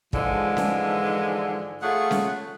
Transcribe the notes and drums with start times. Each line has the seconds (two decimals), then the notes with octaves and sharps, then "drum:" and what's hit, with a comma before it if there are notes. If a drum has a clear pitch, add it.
0.13 G#2 D3 E3 F3 G#3, drum: kick
0.57 drum: snare C#4
1.82 A3 F4 G#4 C#5 F#5
2.11 drum: snare C#4